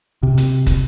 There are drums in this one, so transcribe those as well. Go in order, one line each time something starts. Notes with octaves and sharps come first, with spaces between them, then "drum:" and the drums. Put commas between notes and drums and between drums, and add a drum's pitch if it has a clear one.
C3
drum: hi-hat
drum: kick, hi-hat